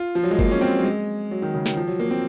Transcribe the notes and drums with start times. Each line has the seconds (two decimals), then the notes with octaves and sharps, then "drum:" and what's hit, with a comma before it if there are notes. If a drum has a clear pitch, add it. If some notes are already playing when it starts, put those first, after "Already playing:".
Already playing: F4
0.15 F3
0.23 F#3
0.31 G#3
0.39 A#3, drum: kick G1
0.51 C#4
0.61 C4
0.79 F#3
0.84 G#3
1.31 F#3
1.42 D#3
1.54 C#3
1.66 D#3, drum: snare
1.77 F3
1.88 F#3
2.00 A#3
2.10 C4